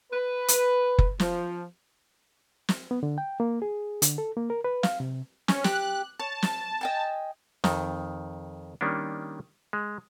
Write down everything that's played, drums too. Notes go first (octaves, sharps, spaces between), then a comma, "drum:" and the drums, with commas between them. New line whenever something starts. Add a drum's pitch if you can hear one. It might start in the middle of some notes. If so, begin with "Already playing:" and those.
B4
drum: hi-hat
drum: kick F#1
F3, drum: snare
drum: snare
B3
D3
G5
A#3
G#4
D3, drum: hi-hat
A4
A#3
A#4
B4
F5, drum: snare
C3
C#4, drum: snare
G4 F#6, drum: snare
C#5 A5
drum: snare
D#5 G5 G#5
F2 D#3, drum: snare
D#3 G3 A#3 C#4 D4
G#3